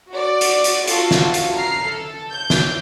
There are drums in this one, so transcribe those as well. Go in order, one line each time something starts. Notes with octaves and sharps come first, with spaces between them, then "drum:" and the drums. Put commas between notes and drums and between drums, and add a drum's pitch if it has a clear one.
F#4 D5
drum: hi-hat
drum: hi-hat
F4 F#4 A4, drum: hi-hat
drum: snare
drum: hi-hat
A#5 F6 C7
A4
G6
drum: snare